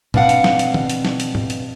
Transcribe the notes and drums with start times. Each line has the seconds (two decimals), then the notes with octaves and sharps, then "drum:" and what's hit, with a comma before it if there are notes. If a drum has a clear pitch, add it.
0.14 B2 C4 D4 F5 F#5, drum: tom
0.29 drum: hi-hat
0.44 drum: snare
0.59 drum: hi-hat
0.74 drum: tom
0.90 drum: hi-hat
1.05 drum: snare
1.20 drum: hi-hat
1.35 drum: tom
1.50 drum: hi-hat